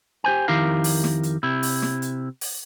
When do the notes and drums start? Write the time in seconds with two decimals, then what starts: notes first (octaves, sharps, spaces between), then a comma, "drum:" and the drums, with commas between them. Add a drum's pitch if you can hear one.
0.24 G4 C5 G#5
0.48 F2 D#3 E4 G4 A#4 F5
0.84 drum: open hi-hat
1.04 drum: snare
1.23 drum: hi-hat
1.43 C3 E4
1.63 drum: open hi-hat
1.82 drum: snare
2.02 drum: hi-hat
2.41 drum: open hi-hat